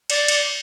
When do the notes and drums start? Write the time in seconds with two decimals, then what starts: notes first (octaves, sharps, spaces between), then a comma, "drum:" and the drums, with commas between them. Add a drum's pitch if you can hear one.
0.10 D5, drum: cymbal
0.28 drum: cymbal